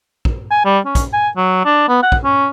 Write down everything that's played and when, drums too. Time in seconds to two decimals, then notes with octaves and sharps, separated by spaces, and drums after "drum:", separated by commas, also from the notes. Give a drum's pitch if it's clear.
0.25 drum: kick
0.51 G#5
0.65 G3
0.86 C#4
0.95 drum: kick, hi-hat
1.13 G#5
1.37 F#3
1.65 D4
1.89 B3
2.03 F#5
2.12 drum: kick
2.24 C#4